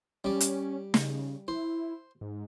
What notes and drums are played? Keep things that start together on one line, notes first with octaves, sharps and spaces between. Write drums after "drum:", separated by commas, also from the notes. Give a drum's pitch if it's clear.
G3 C#4 D5
drum: hi-hat
C#3, drum: snare
E4 C5
G#2